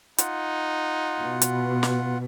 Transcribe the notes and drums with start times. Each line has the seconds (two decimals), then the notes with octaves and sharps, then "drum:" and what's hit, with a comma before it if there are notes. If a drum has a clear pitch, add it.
0.18 D#4 F4 F#5, drum: hi-hat
1.20 B2
1.42 drum: hi-hat
1.83 drum: snare